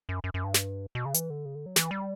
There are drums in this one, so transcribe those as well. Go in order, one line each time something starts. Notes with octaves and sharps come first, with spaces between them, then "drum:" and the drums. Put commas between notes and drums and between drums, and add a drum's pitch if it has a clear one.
F#2
F#2
F#2
G2
drum: snare
B2
C#3
E3, drum: hi-hat
D3
C#3
D3
F#3
E3, drum: snare
G3